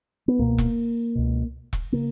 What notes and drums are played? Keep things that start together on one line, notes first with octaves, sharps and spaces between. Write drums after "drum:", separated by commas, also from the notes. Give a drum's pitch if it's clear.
B3
C#2 B2 A#3
drum: kick E1
C#2 B2
drum: kick E1
C#3 A#3